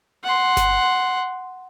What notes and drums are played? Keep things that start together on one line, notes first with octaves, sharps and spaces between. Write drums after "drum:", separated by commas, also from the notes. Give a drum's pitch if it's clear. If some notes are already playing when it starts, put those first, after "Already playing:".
F#5 C6
drum: snare G1